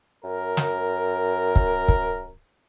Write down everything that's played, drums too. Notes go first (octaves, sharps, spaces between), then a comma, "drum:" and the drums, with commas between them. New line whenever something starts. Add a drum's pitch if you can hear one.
F#2 A#4
drum: snare
drum: kick
drum: kick